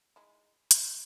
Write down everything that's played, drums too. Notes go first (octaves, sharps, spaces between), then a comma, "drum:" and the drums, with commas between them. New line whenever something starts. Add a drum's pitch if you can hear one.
G#3 D#4 E4
D4, drum: hi-hat